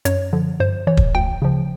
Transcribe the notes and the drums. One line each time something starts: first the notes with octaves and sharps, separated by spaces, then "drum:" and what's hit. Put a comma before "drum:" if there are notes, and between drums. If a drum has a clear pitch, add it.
F#2 C#5, drum: hi-hat
D3 F3
G2 C5
E3 C#5
drum: kick
D2 G5
C#3 F3